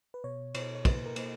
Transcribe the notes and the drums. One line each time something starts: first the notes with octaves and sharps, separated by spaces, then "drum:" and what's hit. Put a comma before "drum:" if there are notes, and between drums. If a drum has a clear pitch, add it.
B4
B2 C#5
B2 C#5, drum: cymbal
C#5
A#3 B4, drum: kick, cymbal
A#4
A#3, drum: cymbal